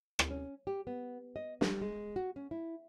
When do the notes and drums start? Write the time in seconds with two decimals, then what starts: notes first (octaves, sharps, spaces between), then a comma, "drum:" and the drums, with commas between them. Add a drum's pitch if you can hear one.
0.19 drum: rim click
0.30 C#4
0.67 G4
0.87 B3
1.36 D#5
1.61 G3, drum: snare
1.81 G#3
2.16 F#4
2.36 C#4
2.51 E4